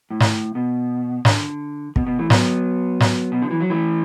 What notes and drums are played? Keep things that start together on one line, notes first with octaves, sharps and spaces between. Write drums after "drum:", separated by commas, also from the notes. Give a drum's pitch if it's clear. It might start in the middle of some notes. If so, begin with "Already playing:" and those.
A2
drum: snare
B2
D3, drum: snare
B2, drum: kick
B2
E3 A3
F#3 B3, drum: snare
drum: snare
B2
D3
E3
F#3
E3 A3